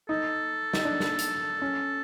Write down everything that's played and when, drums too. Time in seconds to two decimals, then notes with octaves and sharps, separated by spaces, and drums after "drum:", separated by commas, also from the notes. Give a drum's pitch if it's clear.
0.09 D#4 A4
0.74 D#4, drum: snare
0.85 D4
1.00 drum: snare
1.19 drum: hi-hat
1.62 C#4